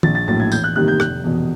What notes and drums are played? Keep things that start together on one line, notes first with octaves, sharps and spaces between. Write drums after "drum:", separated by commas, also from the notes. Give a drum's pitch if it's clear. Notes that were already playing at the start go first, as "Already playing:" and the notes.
A#1 A6, drum: tom D#3
A6
A2 F#3 A#3 A6
G#6
E2 G6, drum: tambourine
F#6
C3 D#3 G3 A#3 F#6
G6
F1 F#6, drum: rim click
E2 B2